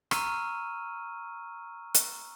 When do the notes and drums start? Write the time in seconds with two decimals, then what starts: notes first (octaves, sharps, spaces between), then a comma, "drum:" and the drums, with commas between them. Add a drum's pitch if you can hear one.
0.11 A#5 C#6 E6 F6 D#7, drum: rim click
1.95 drum: hi-hat